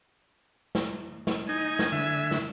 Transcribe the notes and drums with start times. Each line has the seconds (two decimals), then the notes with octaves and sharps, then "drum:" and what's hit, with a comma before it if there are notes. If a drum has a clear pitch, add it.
0.75 drum: snare
1.27 drum: snare
1.49 D#4 G#5
1.79 drum: snare
1.92 D3 E5
2.31 drum: snare